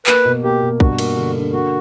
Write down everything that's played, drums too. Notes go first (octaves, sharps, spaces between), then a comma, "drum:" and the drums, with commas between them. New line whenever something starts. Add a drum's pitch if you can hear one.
A#3 B4, drum: clap
B2
A#3 G4
B2
G2 F#4, drum: kick
A#3, drum: cymbal
D3
D3
A#3 F#4